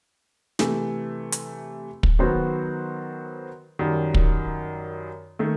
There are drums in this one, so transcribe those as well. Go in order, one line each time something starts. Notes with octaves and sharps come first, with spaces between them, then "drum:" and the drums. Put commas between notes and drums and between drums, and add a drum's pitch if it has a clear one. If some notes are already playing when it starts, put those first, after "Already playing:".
C3 E3 A3, drum: snare
drum: hi-hat
drum: kick
D#3 F#3 B3 F#4 C5
F#2 D#3 G3
drum: kick
D#3 A3